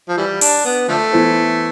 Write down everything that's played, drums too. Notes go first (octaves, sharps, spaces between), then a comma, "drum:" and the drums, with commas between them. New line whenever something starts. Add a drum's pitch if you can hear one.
F3
E3 G3
D4, drum: open hi-hat
B3
D3 F3 A3
E3 B3 E4 A4 C5